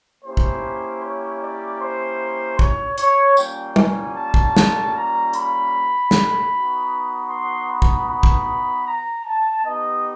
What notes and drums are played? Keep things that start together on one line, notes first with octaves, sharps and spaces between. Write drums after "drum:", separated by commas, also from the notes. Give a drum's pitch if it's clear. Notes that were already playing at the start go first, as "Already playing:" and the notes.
A#3 C#4 E4 G4 C5
drum: kick
C#5
D5
C5
C#5, drum: kick
C#5, drum: hi-hat
G3 A#3 C#4 F4 G5, drum: tambourine
G#5, drum: tom
A5
drum: kick
drum: snare
A#5
B5, drum: hi-hat
drum: snare
B3 D#4 F#4
C6
B5
drum: kick
B5
drum: kick
A#5
A5
B3 D#4 G4 D#5